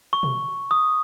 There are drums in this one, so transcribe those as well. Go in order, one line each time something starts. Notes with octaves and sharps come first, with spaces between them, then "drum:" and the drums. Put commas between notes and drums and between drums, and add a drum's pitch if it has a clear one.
C#6
drum: tom B2
D#6